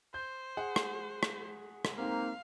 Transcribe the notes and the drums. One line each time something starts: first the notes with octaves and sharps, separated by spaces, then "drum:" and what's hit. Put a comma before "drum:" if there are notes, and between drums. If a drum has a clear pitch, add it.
C5 G6
G#4 F#5
drum: rim click
drum: rim click
drum: rim click
A#3 C4 D#4 F5